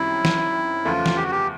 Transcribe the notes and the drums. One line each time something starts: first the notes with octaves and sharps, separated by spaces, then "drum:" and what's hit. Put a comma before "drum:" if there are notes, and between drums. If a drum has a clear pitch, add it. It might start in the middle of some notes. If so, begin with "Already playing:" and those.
Already playing: F#2 D#3 G3 C4 E4
drum: snare
E2 C#3 F3 A3 F4
drum: snare
G4
F#4
G4